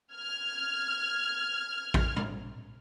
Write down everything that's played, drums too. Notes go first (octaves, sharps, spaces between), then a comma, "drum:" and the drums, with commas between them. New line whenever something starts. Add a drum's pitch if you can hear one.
F6 G#6
drum: kick A1
drum: tom A#2